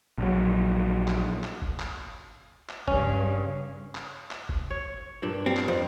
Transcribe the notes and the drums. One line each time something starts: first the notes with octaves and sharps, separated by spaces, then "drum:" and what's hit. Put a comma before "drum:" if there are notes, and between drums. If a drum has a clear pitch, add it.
A#1 F#3
drum: clap
drum: clap
drum: kick G1
drum: clap
drum: clap
G2 C#3 C#4, drum: kick G1
drum: clap
drum: clap
drum: kick G1
C#5
G2 A#2 D4
G3 C4 F5
drum: clap
F2 F3